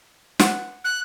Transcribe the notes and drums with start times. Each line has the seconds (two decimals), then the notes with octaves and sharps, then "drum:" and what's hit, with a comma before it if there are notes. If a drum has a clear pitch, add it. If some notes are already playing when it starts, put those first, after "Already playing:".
0.40 F#5, drum: snare
0.84 F#6